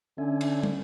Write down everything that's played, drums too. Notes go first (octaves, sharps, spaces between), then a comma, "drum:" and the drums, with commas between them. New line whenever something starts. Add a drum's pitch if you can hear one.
D3 C#4 E5 G#5
drum: cymbal
drum: tom